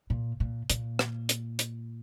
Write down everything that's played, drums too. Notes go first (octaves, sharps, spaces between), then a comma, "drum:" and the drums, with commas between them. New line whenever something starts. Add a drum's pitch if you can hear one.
A#2
A#2
A#2, drum: hi-hat
drum: rim click
drum: hi-hat
drum: hi-hat